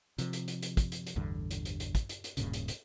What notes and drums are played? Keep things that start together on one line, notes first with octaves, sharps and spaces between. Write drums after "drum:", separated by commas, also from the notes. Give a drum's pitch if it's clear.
C3 F3, drum: hi-hat
drum: hi-hat
drum: hi-hat
drum: hi-hat
drum: kick, hi-hat
drum: hi-hat
drum: hi-hat
A1 E2 G2 D3
drum: hi-hat
drum: hi-hat
drum: hi-hat
drum: kick, hi-hat
drum: hi-hat
drum: hi-hat
D1 G2 A#2 C#3, drum: hi-hat
drum: hi-hat
drum: hi-hat